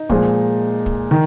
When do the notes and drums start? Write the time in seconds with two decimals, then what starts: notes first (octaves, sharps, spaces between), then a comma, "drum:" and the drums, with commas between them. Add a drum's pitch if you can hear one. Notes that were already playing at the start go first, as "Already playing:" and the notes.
Already playing: D#4
0.10 A#2 F3 G#3, drum: kick
0.86 drum: kick
1.11 D#3